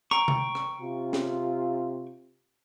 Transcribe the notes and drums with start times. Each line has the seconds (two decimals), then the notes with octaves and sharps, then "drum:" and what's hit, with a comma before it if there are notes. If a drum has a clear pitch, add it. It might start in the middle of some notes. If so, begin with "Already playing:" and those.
0.11 G5 A#5 C#6, drum: rim click
0.28 drum: tom C3
0.55 drum: rim click
0.82 C3 F4
1.13 drum: snare